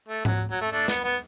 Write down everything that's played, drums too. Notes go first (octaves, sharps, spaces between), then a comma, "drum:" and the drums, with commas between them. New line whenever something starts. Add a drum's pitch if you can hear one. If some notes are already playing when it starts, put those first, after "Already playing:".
A3
F#3, drum: tom G#2
F#3
A3
A3 D4
B3, drum: snare
B3